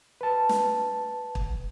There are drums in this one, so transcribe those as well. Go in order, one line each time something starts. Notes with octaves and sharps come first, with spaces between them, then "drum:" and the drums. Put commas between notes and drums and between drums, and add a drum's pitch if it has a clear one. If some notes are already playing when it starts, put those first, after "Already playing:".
B4 A5
drum: snare
drum: kick